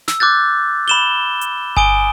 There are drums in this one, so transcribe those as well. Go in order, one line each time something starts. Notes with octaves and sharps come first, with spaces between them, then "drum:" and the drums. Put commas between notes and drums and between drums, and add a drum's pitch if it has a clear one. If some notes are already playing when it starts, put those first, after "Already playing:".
E6, drum: snare
D6 F#6 G6 A6
B5 E7 G7
drum: hi-hat
G#5 D#6 D7 G7, drum: kick G1